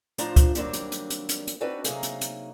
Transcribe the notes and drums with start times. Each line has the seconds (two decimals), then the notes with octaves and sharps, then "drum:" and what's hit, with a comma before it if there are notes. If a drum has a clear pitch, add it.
0.18 A2 F3 D4 F4 C5 A#5, drum: hi-hat
0.36 drum: kick, hi-hat
0.55 D#3 F#3 G3 A#3 C4 D4, drum: hi-hat
0.73 drum: hi-hat
0.92 drum: hi-hat
1.10 drum: hi-hat
1.29 drum: hi-hat
1.47 drum: hi-hat
1.60 B3 C4 D4 D#4 F#4 B4
1.84 C3 F#3 A#3 D#4 G#4 F5, drum: hi-hat
2.03 drum: hi-hat
2.21 drum: hi-hat